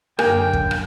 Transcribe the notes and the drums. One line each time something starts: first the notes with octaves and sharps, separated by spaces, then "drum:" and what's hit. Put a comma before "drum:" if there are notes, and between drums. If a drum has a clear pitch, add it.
F#2 D3 A#3 D#5 G5 G#5, drum: rim click
drum: kick
drum: rim click